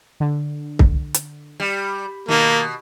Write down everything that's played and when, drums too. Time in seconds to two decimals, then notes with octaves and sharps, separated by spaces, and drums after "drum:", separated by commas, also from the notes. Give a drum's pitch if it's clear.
0.20 D3
0.79 drum: kick C2
1.14 drum: hi-hat
1.60 G3
2.29 B2 D#3 A#3